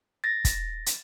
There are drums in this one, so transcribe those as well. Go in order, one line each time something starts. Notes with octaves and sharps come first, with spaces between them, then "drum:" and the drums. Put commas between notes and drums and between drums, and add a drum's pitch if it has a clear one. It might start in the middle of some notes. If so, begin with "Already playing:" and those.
A6 A#6
drum: kick, hi-hat
drum: hi-hat